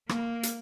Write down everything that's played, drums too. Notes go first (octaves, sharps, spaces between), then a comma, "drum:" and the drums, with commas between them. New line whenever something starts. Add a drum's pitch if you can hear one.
A#3, drum: rim click
drum: hi-hat